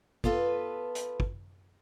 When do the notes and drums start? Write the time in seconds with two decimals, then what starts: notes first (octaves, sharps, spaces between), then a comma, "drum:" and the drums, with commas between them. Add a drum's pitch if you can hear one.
0.24 B3 F4 A4 B4, drum: kick
0.95 drum: hi-hat
1.20 drum: kick